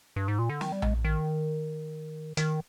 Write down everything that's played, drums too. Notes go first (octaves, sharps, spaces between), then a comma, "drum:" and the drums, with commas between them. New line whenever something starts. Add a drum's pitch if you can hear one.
G2
G#2
A#2
D3
D#3, drum: snare
G3
G#3, drum: tom A#1
D#3
D#3, drum: hi-hat